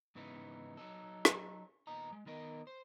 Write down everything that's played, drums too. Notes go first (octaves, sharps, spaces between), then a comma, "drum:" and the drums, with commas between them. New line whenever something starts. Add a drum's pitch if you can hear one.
G#2 C#3 E3 B3 D#4
F#3 D#4 A4
drum: rim click
D#2 A#2 B3 D#5 A#5
G#3
D#3 B3 A#4 D#5
C5